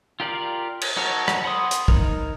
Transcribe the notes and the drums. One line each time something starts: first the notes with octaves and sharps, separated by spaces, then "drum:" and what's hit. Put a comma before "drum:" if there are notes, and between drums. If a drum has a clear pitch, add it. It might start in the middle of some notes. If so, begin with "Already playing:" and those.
F4 G4 A#4 D5 F5
drum: cymbal
D#4 F#4 A4 A#4 C#5
drum: rim click
F#5 B5 C6 D#6
drum: hi-hat
D#4 A#4, drum: kick